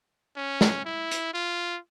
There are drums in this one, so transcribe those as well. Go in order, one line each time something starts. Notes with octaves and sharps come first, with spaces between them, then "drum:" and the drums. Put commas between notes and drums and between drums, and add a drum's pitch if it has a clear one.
C#4
drum: snare
E4
drum: hi-hat
F4